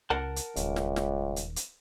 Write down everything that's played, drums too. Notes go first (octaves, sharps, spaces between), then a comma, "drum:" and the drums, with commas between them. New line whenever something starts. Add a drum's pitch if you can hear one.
C#2 A#4 F#5 A5
drum: hi-hat
D#1 C#2, drum: hi-hat
drum: snare
drum: snare
drum: hi-hat
drum: hi-hat